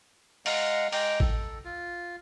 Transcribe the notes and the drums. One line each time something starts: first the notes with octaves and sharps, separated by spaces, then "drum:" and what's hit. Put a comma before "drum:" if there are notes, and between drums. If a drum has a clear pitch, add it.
G#3 F5 F#5 A#5, drum: open hi-hat
G#3 G5 A#5 D6, drum: open hi-hat
A4, drum: kick A1
F4